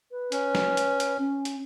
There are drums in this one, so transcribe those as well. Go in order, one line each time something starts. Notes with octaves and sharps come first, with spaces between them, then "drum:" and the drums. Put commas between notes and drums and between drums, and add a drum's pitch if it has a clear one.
B4
C#4, drum: hi-hat
drum: snare
drum: hi-hat
drum: hi-hat
C#4
drum: hi-hat